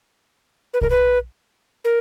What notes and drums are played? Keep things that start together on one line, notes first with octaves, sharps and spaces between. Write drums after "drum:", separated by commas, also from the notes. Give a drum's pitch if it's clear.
B4
A#4, drum: kick
B4
A#4